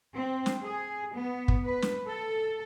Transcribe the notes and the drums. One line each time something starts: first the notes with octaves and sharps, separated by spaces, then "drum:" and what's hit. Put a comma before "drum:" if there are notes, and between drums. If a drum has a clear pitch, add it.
C4
drum: snare
G#4
B3
drum: kick
B4
drum: snare
A4